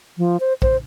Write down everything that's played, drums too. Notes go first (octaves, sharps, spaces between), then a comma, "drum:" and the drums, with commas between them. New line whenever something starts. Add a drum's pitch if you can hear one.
F3
C5
C5, drum: kick A#1